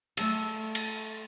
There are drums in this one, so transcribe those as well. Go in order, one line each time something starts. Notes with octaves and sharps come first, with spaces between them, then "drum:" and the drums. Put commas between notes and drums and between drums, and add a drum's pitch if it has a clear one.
A3 A4 E5, drum: cymbal
drum: cymbal